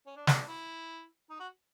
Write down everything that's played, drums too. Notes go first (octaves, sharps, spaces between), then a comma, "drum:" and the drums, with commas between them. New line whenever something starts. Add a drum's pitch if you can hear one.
C#4
D4
D4, drum: snare
D4
E4
D#4
F#4